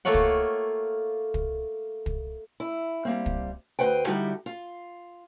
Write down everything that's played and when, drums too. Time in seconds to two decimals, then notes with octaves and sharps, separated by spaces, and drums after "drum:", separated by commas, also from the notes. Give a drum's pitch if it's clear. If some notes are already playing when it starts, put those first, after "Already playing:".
0.05 A3 A#3 F4 C#5 F#5
0.14 drum: kick
1.34 drum: kick
2.06 drum: kick
2.60 E4
3.05 G3 A#3 C4
3.26 drum: kick
3.79 D2 B4 C5 F#5 G5
4.07 D3 G3 D#4 E4 F#4 G4
4.46 F4